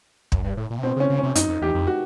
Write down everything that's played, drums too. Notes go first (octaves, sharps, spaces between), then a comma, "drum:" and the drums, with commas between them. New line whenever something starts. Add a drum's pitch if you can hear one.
F#2, drum: kick
G2
A2
A#2
C3
B2 C4
C#3 C#4
C#3
C3 C#4
F#2 D#4, drum: hi-hat
F2
E2 G4
F2
F#4